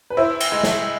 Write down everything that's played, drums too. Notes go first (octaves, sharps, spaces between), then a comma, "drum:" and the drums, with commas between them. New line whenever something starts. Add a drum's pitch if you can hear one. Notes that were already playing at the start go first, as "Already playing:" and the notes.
B4
E4 C5
drum: cymbal
G#3
drum: snare